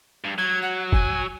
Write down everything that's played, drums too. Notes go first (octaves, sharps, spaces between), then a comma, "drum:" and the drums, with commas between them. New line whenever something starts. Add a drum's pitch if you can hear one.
G2
F#3 G#6
F#5
G#5, drum: kick